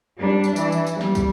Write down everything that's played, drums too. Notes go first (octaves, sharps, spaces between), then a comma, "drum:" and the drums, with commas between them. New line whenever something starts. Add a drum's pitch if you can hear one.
G3 D4
drum: tambourine
E3, drum: tambourine
drum: tambourine
drum: tambourine
G3, drum: snare
drum: kick, tambourine